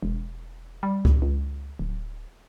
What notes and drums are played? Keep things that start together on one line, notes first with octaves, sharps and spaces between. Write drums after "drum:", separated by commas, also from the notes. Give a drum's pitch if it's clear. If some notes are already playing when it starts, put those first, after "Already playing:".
E1
G3
drum: kick C#2
C#2
D1